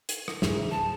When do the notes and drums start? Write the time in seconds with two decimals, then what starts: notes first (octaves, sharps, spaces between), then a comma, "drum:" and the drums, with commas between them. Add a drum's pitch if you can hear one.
0.09 drum: hi-hat
0.28 drum: rim click
0.42 C#2 G#2 E3 G#4, drum: snare
0.71 A5